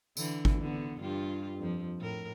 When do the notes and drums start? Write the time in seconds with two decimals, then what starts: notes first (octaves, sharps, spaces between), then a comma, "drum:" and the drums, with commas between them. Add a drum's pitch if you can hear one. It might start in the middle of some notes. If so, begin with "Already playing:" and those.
0.17 D3 E3, drum: tambourine
0.45 drum: kick G#1
0.61 D3 B3
1.01 G2 F4 G4
1.59 F2 F3
1.98 A2 A#4